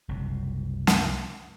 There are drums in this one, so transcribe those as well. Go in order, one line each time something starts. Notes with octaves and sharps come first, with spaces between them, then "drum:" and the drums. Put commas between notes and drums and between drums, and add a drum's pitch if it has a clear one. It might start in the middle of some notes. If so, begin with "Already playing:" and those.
F#1 C2 C3
drum: snare